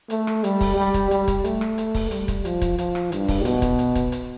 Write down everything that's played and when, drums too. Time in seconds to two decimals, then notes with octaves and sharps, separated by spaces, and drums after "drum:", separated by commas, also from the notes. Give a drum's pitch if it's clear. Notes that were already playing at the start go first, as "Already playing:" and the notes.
0.10 A3, drum: hi-hat
0.27 drum: rim click
0.44 G3, drum: hi-hat
0.61 drum: kick, open hi-hat
0.77 G3
0.94 drum: kick, hi-hat
1.11 G3, drum: hi-hat
1.28 drum: kick, hi-hat
1.44 A3, drum: hi-hat
1.61 drum: rim click
1.78 drum: hi-hat
1.95 drum: kick, open hi-hat
2.11 G3, drum: hi-hat
2.28 drum: kick, hi-hat
2.45 F3, drum: hi-hat
2.61 drum: kick, hi-hat
2.78 F3, drum: hi-hat
2.95 drum: rim click
3.12 G2, drum: hi-hat
3.28 drum: kick, open hi-hat
3.45 B2, drum: hi-hat
3.62 drum: kick, hi-hat
3.79 drum: hi-hat
3.95 drum: kick, hi-hat
4.12 drum: hi-hat